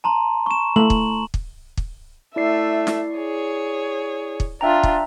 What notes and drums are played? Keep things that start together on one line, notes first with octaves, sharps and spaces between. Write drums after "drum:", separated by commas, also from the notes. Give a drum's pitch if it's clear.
A5 A#5 C6
C#6 E7
A3 F#7
drum: kick
drum: kick
drum: kick
A3 E4 D5 E5 C7
drum: snare
G#4 C#5
drum: kick
D4 F4 E5 G5 A#5
drum: kick